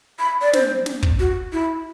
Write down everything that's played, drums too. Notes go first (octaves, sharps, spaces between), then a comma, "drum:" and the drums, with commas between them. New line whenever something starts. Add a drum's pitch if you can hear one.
B5
D5
C5, drum: snare
drum: snare
drum: kick
F#4
E4